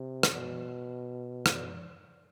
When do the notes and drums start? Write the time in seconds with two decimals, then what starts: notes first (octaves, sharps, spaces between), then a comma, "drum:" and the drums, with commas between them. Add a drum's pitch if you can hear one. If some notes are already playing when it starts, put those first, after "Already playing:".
Already playing: C3
0.23 drum: rim click
0.33 B2
1.46 drum: rim click